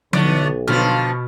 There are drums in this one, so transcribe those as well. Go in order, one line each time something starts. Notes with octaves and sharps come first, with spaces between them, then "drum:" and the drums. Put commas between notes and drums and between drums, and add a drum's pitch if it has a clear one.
B1 A2 D3 B3 D5, drum: tom F3
B2 D3 F3 F4 F6